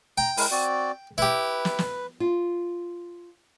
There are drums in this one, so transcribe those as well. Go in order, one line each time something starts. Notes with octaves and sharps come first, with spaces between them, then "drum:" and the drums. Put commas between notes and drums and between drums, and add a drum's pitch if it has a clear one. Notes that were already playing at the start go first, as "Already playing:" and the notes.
G5 A#5
G#3 E4 A#4, drum: open hi-hat
C4 F#4 D5
E4 G4 B4
drum: snare
drum: snare
F4